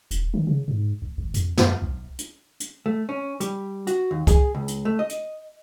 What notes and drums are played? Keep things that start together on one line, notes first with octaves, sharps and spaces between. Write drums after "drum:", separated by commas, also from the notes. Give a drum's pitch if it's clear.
D#1, drum: hi-hat
D#3
C#3
G#2
A1
G#1
F2, drum: hi-hat
F#2, drum: snare
B1
drum: hi-hat
drum: hi-hat
A3
C#4
G3, drum: hi-hat
F#4, drum: hi-hat
D#2
G#4, drum: kick, hi-hat
C#2
drum: hi-hat
A3
D#5
drum: hi-hat